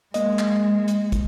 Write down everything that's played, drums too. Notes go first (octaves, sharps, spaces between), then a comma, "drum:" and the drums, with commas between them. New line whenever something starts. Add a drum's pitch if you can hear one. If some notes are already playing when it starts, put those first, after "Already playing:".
G#3 A#3 D#5, drum: hi-hat
drum: clap
drum: hi-hat
drum: kick, hi-hat